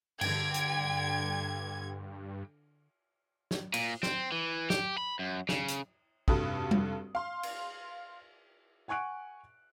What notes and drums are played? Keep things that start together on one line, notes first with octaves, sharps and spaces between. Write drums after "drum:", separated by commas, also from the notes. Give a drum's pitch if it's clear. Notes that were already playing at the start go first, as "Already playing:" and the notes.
G2 D3 G5 G#6, drum: cymbal
drum: hi-hat
drum: snare
A#2, drum: cymbal
C4, drum: snare
E3
G4, drum: snare
B5
F#2
C#3, drum: snare
drum: hi-hat
F1 G2 F#4 A4 B5 D#6, drum: kick
drum: tom G3
F5 C6
drum: cymbal
F#5 G#5 C#6 F#6 D7